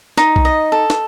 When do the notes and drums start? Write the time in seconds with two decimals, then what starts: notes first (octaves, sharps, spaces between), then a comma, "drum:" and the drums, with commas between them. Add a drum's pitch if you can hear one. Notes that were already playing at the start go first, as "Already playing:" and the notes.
0.17 D#4, drum: snare
0.36 drum: kick B1
0.45 D#5
0.72 A4
0.90 drum: snare